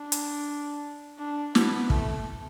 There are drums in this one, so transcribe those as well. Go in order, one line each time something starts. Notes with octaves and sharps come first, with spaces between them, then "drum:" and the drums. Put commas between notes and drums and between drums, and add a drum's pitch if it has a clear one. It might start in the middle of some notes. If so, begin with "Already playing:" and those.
Already playing: D4
drum: hi-hat
D4
B3, drum: snare
A3, drum: kick